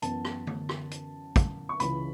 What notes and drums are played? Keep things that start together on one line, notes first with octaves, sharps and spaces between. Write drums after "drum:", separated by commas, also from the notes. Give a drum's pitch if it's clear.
F#2 E3 B3 A5, drum: hi-hat
drum: rim click
drum: tom D3
drum: rim click
drum: hi-hat
drum: kick, hi-hat
C#6
C#2 C#3 E3 B5, drum: hi-hat